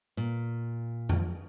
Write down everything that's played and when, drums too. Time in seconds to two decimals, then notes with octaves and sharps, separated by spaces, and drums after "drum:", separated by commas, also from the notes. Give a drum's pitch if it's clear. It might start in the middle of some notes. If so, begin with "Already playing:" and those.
0.17 A#2
1.09 drum: tom F2